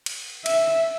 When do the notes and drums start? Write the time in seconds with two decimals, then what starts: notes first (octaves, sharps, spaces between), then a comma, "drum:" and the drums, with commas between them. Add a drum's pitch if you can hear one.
0.06 drum: cymbal
0.46 E5, drum: cymbal